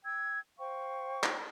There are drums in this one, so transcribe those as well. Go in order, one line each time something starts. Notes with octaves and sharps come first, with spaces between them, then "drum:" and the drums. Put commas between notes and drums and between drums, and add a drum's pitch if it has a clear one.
G5 E6 G#6
C5 F5 G5 C#6
drum: clap